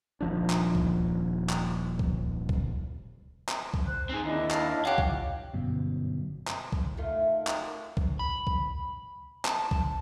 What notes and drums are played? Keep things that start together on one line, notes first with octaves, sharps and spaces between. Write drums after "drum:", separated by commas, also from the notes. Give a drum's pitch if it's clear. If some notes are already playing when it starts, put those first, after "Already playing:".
D#1 F3 D4
drum: clap
drum: kick C2
drum: clap
drum: kick C2
drum: kick C2
drum: clap
drum: kick C2
C5 F#6
C4 D#4 G#4
D#2 D4 E4 D#5
F5 A5, drum: clap
F4 G4 C#5 F5 F#5
drum: kick C2
G1 F#2 B2
drum: clap
drum: kick C2
D#3 A3 F4
drum: clap
drum: kick C2
B5
drum: kick C2
A5, drum: clap
drum: kick C2